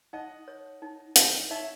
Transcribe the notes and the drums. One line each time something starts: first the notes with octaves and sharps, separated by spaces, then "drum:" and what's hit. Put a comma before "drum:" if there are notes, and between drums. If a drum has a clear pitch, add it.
D#4 D#5 F#5
C#5
D#4
D#4, drum: hi-hat
D#4 C#5 E5